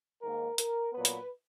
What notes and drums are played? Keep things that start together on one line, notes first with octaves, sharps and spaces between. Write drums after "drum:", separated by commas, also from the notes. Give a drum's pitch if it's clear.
G#2 D#3 A#3 A#4
A#4, drum: hi-hat
A#2 F#3 B3 B4
drum: hi-hat